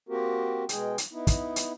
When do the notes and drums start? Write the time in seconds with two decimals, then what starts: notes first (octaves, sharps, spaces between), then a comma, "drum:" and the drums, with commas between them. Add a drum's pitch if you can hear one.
0.09 A#3 C4 F#4 G4 A#4
0.69 B2 G#3 G#4 G5, drum: hi-hat
0.98 drum: hi-hat
1.12 B3 D#4 E4
1.27 drum: kick, hi-hat
1.56 drum: hi-hat